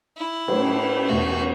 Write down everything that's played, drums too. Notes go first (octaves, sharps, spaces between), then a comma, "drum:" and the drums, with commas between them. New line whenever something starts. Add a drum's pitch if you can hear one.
E4
A2 F#3 A3, drum: cymbal
E2 B2 A3 F#4